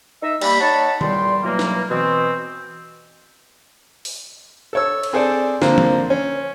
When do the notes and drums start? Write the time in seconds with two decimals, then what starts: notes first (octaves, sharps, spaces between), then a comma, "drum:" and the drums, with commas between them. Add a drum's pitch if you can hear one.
0.23 D#4 D#5 E5
0.42 G3 A#3 B5, drum: cymbal
0.61 D#4 C#5 F#5 A5
1.01 E2 A#2 G3 G5 C6, drum: tom D#3
1.43 B2 E3 F#3 G3 A#3
1.59 drum: snare
1.90 B2 E3 C4
4.05 drum: open hi-hat
4.73 A4 C#5 E6
5.03 drum: cymbal
5.13 C4 G#4 A4 C5 D5
5.62 D3 F3 A#3 C4, drum: snare
5.78 drum: tom E3
6.10 C#4